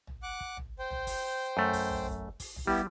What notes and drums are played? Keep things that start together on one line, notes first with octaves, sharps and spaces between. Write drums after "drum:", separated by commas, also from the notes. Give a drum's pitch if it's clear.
drum: tom
F#5 D6 F#6
drum: kick
drum: tom
C5 G5
drum: tom
drum: kick, open hi-hat
F#2 A3
drum: kick, open hi-hat
drum: tom
drum: tom
drum: kick, open hi-hat
drum: tom
G3 B3 E4 G4